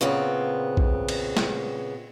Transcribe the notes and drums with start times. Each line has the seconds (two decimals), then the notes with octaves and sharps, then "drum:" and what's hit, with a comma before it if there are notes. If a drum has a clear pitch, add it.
0.01 A#2 C#3 B3 C4
0.77 drum: kick A#1
1.09 drum: cymbal
1.37 drum: snare